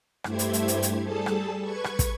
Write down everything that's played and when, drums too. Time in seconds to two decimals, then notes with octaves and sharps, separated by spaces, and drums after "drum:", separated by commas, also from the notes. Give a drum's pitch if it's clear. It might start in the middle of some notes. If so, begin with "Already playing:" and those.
0.24 G2 A3 E4 G4 C5 G#6, drum: rim click
0.39 drum: hi-hat
0.53 drum: hi-hat
0.68 drum: hi-hat
0.82 drum: hi-hat
1.03 G3 G#4 A4 A5
1.26 drum: rim click
1.63 B4 C#6 G#6
1.84 drum: rim click
1.99 drum: kick, hi-hat